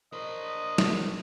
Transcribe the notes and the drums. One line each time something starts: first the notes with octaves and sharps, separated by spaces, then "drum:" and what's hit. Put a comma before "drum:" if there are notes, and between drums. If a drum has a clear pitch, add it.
A#4 C5 D#5
drum: snare